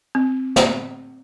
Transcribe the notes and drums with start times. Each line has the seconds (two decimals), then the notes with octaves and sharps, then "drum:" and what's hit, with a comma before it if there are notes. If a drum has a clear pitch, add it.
0.15 C4
0.56 drum: snare